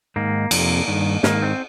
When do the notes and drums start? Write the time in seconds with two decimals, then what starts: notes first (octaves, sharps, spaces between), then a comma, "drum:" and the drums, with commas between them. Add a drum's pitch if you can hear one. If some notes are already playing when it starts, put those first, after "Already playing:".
0.16 G#2 D#3 A#3
0.51 F2 C3, drum: cymbal
0.88 G2 D#3
1.23 G#2 D#3 A#3, drum: snare
1.42 C4